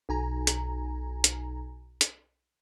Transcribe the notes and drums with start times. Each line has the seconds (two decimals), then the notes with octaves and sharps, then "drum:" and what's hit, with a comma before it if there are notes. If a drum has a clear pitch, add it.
0.09 B1 G#5 A#5
0.47 drum: hi-hat
1.24 drum: hi-hat
2.01 drum: hi-hat